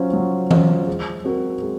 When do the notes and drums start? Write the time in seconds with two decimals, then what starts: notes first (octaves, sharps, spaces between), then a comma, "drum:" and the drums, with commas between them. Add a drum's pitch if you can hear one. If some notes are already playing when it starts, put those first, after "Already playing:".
Already playing: F#3 C#4 F4 C5
0.13 F#3
0.51 C#4 F4 C5, drum: tom E3
0.87 G#3
1.25 C4 F#4 A#4
1.62 G#3